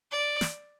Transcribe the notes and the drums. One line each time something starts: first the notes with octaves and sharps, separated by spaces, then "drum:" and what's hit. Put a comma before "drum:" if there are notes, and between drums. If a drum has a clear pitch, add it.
D5
drum: snare